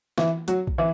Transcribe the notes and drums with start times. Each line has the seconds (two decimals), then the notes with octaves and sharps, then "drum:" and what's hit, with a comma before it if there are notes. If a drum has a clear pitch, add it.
0.18 E3 E4, drum: snare
0.48 F#3 F#4, drum: hi-hat
0.67 drum: kick A#1
0.78 E3 E4